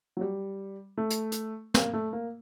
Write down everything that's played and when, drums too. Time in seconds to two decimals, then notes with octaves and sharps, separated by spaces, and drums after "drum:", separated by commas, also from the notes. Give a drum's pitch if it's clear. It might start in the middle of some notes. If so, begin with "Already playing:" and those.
0.17 F#3
0.21 G3
0.97 A3
1.10 drum: hi-hat
1.32 drum: hi-hat
1.74 A#3, drum: snare
1.93 A3
2.13 A#3